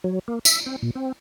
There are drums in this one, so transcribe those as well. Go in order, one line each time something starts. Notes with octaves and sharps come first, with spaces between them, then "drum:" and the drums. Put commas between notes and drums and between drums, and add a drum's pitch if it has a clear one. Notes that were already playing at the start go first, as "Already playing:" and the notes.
F#3
A#3
E5, drum: tambourine
C4
A#2
C4